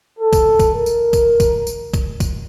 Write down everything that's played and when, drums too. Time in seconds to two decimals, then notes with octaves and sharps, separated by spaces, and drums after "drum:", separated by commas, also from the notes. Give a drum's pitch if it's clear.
0.19 A4
0.33 drum: kick, tambourine
0.59 drum: kick, tambourine
0.73 A#4
0.86 drum: tambourine
1.13 drum: kick, tambourine
1.40 drum: kick, tambourine
1.67 drum: tambourine
1.94 drum: kick, tambourine
2.20 drum: kick, tambourine